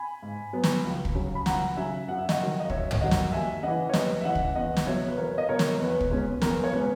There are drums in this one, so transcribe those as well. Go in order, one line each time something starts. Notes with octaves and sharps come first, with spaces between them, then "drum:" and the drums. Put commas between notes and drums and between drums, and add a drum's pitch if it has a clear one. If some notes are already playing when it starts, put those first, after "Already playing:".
Already playing: G#5 B5
G#2
F#3 B3
drum: snare
C#2
drum: kick
C#3 F#3
B5
C#2 F#5 A#5, drum: snare
C#3 F#3 E5 G#5
F#2 F#5
E5
D#5 F#5, drum: snare
D#3 F#3
D#5
F#2 C#5 E5, drum: kick
drum: tom
D#3 F#3 D#5 F#5
drum: snare
D#2 E5 G#5
C#3 E3 D#5 F#5
C#5
D#2 B4 D#5, drum: snare
E5
C#3 E3 D#5 F#5
drum: kick
E2 D#5 F#5
drum: snare
B2 F#3 C#5 E5
B4
E2 A#4 C#5
D#5
B2 F#3 A#4 C#5
drum: snare
E2 B4
drum: kick
B2 G#3 C#4
E2 A#4, drum: snare
C#5
B2 G#3 C#4 B4